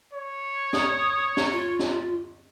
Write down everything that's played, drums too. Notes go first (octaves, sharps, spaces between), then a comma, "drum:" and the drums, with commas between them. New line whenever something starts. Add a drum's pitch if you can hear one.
C#5
D#6, drum: snare
drum: snare
F4
drum: snare